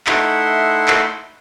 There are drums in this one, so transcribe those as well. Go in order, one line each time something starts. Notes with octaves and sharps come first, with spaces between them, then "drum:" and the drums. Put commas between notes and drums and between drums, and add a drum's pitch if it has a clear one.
A3 D#4 E4 E5 F#5 C6, drum: clap
drum: clap